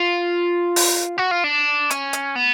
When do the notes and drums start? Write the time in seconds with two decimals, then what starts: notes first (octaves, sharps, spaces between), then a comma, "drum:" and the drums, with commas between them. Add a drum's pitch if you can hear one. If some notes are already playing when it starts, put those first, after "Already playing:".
Already playing: F4
0.76 drum: open hi-hat
1.18 F#4
1.31 F4
1.44 D4
1.90 C#4, drum: hi-hat
2.13 drum: hi-hat
2.35 B3